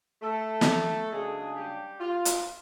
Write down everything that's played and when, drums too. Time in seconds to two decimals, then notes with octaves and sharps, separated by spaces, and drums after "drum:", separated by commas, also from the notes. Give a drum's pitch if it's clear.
0.21 A3 A4
0.61 drum: snare
1.10 C#3 F#3 G#3 A#3 D4 G#4
1.55 G3 G4
1.99 F4
2.25 drum: hi-hat